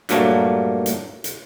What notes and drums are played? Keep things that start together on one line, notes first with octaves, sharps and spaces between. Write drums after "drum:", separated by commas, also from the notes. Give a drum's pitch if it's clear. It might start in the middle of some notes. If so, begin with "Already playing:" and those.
G2 A#2 F#3 A3 A#3, drum: hi-hat
drum: hi-hat
drum: hi-hat